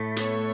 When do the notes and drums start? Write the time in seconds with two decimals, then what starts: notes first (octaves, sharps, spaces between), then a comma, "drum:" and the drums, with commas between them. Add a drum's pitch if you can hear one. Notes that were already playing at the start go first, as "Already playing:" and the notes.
Already playing: A2 A3
0.16 B3 A4 C#5, drum: hi-hat